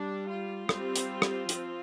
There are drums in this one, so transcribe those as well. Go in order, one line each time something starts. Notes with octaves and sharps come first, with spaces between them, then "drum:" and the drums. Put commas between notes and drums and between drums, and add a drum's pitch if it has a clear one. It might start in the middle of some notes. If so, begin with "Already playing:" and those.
Already playing: G3 D4
F4
G3 C4, drum: rim click
drum: hi-hat
drum: rim click
F3 C4, drum: hi-hat